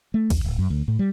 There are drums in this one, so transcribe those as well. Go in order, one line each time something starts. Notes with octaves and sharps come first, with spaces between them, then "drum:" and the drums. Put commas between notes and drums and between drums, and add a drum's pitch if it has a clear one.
A3
D#2, drum: kick A1, cymbal
D1
F#2
D2
A2
G3